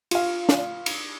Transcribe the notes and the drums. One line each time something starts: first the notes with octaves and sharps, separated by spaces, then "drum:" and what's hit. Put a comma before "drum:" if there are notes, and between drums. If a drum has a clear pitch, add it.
F4 F5, drum: cymbal
drum: snare
drum: cymbal